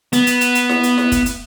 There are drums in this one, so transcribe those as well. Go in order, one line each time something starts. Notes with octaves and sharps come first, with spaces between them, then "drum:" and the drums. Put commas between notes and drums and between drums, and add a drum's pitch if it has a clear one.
B3, drum: hi-hat
drum: hi-hat
drum: hi-hat
drum: hi-hat
drum: snare E4
drum: hi-hat
drum: snare E4
drum: kick, hi-hat
drum: hi-hat